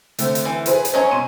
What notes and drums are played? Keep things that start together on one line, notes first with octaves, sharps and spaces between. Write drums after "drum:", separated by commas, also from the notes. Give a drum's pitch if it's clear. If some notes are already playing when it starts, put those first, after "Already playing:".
D3 A3 C4, drum: hi-hat
drum: hi-hat
E3
G#4 B4 C5, drum: hi-hat
drum: hi-hat
F#3 C#4 C5 C#5 D#5
B2 C6 D#7